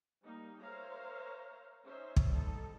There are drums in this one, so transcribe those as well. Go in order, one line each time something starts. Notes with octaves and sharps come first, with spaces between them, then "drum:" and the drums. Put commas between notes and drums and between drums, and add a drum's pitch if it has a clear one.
G3 A#3 D#4
A#4 C5 C#5 E5 F5 A#5
C#4 D#4 C5 E5
drum: kick
G3 D#4 A4